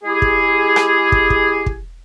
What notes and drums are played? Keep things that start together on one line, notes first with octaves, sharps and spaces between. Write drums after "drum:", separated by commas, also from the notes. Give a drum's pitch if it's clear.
G#3 E4 G4 G#4
drum: kick
drum: rim click
drum: kick
drum: kick
drum: kick